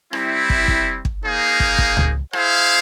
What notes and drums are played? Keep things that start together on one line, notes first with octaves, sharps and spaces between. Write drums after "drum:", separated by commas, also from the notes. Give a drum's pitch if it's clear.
G3 C4 E4, drum: rim click
drum: kick
drum: kick
drum: kick
A#3 D#4 G#4 C5 F5
drum: kick
drum: kick
drum: tom C#2
E4 G#4 C5 F5, drum: rim click